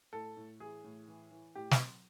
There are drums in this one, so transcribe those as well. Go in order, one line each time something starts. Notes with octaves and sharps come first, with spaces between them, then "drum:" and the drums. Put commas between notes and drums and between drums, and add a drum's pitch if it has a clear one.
A2 A4
A2
E3 G#4
A2
E3
E3
A2 G4
drum: snare